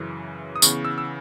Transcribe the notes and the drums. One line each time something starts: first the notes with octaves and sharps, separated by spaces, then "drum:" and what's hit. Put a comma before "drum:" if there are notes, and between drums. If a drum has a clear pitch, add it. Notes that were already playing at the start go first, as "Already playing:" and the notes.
Already playing: F#2 C#3 E3
D#6
C#3 E3 B3 C#6, drum: tambourine
E6
E6